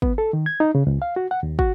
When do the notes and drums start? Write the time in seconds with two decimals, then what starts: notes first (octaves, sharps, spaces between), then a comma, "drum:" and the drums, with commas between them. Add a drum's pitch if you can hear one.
0.02 B3, drum: kick
0.18 A4
0.33 D#3
0.46 G#6
0.60 D#4
0.75 C#3
0.87 C#2
1.02 F5
1.16 F#4
1.31 F#5
1.43 D#2
1.59 F#4, drum: kick